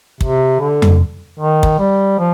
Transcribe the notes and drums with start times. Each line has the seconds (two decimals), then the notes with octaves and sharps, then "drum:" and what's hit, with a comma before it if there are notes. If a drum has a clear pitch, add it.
0.21 C3, drum: kick
0.60 D3
0.82 drum: tom F2
1.39 D#3
1.63 drum: kick
1.79 G3
2.19 F3